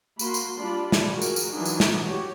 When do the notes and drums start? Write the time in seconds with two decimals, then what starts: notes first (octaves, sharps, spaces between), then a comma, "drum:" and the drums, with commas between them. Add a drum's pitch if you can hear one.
0.19 A#3 F#4 B5 C6, drum: tambourine
0.34 drum: tambourine
0.58 G3 D4 F4 D5 B5
0.92 drum: snare
1.12 F#4 G#4 A#4
1.22 drum: tambourine
1.36 drum: tambourine
1.54 E3 F#3 D4 D#4 F4 G#5
1.65 drum: tambourine
1.80 drum: snare
2.02 F#4 G4 C#5